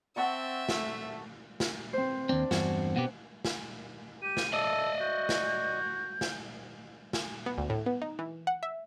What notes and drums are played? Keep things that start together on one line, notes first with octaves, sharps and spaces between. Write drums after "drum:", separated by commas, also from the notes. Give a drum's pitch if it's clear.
C4 E5 F#5 A5 C#6
A3, drum: snare
drum: snare
C4 C5
D#2 C4 D4
E2 G2 F#4, drum: snare
B2 B3 G4 F#5
drum: snare
G4 D#7
drum: snare
A4 D5 D#5
F#4 G6
drum: snare
drum: snare
drum: snare
B3
D2
A2
B3
D#4
E3
F#5
E5